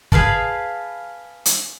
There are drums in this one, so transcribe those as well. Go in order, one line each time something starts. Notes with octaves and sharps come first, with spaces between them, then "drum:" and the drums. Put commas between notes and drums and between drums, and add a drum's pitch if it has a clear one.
G#4 B4 F5 A5, drum: kick
drum: hi-hat